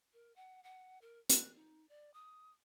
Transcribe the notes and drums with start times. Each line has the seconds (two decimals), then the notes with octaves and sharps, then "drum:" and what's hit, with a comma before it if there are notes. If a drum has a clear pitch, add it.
0.13 A#4
0.36 F#5
0.64 F#5
1.01 A#4
1.29 F#6, drum: hi-hat
1.56 D#4
1.89 D5
2.14 D#6